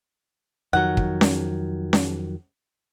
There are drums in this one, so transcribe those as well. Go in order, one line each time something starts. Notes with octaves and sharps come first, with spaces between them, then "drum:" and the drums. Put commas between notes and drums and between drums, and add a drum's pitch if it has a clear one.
F2 D#3 F#3 F#5
drum: kick
drum: snare C#4
drum: snare C#4